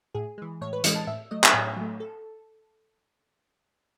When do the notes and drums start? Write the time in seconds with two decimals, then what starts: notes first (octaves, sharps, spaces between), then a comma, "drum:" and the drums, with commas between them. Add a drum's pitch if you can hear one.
0.15 A2 G#4
0.38 E3 G#3
0.61 A2 C#5
0.73 B4
0.84 E3 G#3 D#5, drum: hi-hat
0.95 A5
1.07 A2 E5
1.31 F#3 A3 D#5
1.44 drum: clap
1.53 A2 C#5
1.76 F#3 A3
2.00 A4